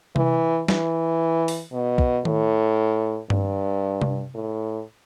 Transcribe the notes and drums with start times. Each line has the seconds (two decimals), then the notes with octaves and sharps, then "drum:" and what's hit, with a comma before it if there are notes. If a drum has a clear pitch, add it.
0.16 E3, drum: tom C3
0.68 E3, drum: snare
1.48 drum: open hi-hat
1.73 B2
1.98 drum: kick
2.25 A2, drum: tom D#3
3.30 G2, drum: tom G2
4.01 drum: tom C3
4.35 A2